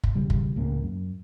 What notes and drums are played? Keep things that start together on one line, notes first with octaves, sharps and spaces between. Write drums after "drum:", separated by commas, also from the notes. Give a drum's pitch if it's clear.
drum: kick
E1 C#3 G3
drum: kick
C#2 A2 A#3 C#4
F#2